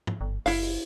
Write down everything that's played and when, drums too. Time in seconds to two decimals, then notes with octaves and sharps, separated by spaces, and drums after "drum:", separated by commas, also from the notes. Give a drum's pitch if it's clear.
0.07 drum: tom
0.21 G1
0.46 F#1 E4 F5, drum: open hi-hat
0.62 drum: open hi-hat